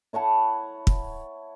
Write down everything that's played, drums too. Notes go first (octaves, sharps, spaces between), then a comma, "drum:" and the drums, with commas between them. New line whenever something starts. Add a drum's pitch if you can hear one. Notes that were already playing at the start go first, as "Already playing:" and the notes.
E4 C#5 F#5 A5
drum: kick